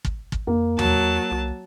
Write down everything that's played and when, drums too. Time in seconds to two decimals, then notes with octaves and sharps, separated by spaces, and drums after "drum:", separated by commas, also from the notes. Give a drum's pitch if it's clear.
0.05 drum: kick
0.32 drum: kick
0.47 F2 A#3
0.79 E2 F#3 A5, drum: tom D#2
1.31 C2